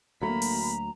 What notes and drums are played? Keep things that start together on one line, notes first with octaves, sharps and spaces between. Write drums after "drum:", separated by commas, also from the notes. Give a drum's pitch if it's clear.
D2 F#3 A3 A#3 A#5 B5
drum: open hi-hat